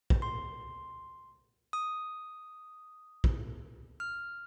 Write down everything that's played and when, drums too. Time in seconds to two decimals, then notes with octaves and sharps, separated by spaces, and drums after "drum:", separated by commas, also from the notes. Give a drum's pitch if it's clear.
0.10 drum: kick
0.22 C6
1.73 D#6
3.24 drum: kick
4.00 F6